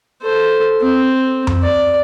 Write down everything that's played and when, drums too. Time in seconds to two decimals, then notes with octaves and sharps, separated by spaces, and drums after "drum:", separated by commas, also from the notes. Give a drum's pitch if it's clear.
0.22 A4 C5
0.81 C4
1.47 drum: tom F2
1.63 D5